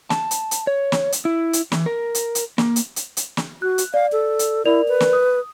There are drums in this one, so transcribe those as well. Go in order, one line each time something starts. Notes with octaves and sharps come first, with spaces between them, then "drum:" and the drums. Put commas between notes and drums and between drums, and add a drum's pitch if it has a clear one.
A5, drum: snare
drum: hi-hat
drum: hi-hat
C#5
drum: snare
drum: hi-hat
E4
drum: hi-hat
E3, drum: snare
A#4
drum: hi-hat
drum: hi-hat
A#3, drum: snare
drum: hi-hat
drum: hi-hat
drum: hi-hat
drum: snare
F#4 F#6
drum: hi-hat
D5 F5
A4
drum: hi-hat
E4 A#4 D5 F7
B4
drum: snare
D#6